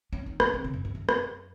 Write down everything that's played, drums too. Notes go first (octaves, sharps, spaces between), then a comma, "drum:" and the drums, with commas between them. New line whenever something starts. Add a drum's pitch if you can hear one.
C#4
D#4
C#4, drum: rim click
C4
C#3
F#2
F2
F#2
drum: rim click